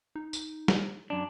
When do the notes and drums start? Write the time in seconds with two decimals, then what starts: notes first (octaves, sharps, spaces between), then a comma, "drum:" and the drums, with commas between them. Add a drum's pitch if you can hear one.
0.16 D#4
0.33 drum: tambourine
0.68 drum: snare
1.10 F#2 D4